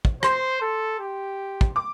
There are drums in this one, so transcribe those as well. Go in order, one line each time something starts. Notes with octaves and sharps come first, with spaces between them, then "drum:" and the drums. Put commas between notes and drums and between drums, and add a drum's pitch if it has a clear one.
drum: kick
C5 C6, drum: rim click
A4
G4
drum: kick
D6